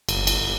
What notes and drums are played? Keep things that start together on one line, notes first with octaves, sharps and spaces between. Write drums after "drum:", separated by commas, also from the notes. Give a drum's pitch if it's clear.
G1, drum: cymbal
drum: cymbal